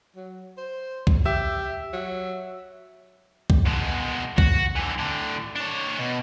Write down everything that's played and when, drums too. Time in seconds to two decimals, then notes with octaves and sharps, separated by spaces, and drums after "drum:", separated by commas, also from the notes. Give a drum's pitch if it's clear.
0.16 F#3
0.57 C5
1.07 drum: kick C2
1.25 G4 E5
1.93 F#3
3.50 drum: kick C2
3.66 B2 G#3
4.38 F#4, drum: kick C2
4.76 D3 E3
4.98 A2 D3
5.56 D4 C#5
5.99 B2